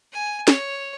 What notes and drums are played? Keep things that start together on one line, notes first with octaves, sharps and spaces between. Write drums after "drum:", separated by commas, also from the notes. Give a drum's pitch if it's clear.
G#5
C#5, drum: snare